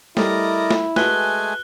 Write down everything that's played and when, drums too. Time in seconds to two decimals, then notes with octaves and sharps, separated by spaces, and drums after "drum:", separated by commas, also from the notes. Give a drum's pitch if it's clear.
0.17 G3 A3 E4 A#4 D5 D#5, drum: snare
0.71 drum: snare
0.96 G#3 A3 F#4 B4 G#5 F#6 G7, drum: snare